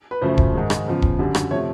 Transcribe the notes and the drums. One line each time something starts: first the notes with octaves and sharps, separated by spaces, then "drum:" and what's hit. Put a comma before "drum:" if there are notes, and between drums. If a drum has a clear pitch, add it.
B4
F#2 C#3 F3 A3 C5
drum: kick
G#2 D#3 G#3
drum: rim click
E2 C#3 F3
drum: kick
F#2 D3 G3
drum: rim click
C3 F3 A3 C#5